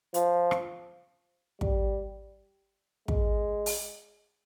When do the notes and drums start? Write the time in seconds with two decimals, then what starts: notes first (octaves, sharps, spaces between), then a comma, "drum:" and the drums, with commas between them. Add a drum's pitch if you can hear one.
0.14 F3, drum: hi-hat
0.51 drum: rim click
1.61 G3, drum: kick
3.08 G#3, drum: kick
3.66 drum: open hi-hat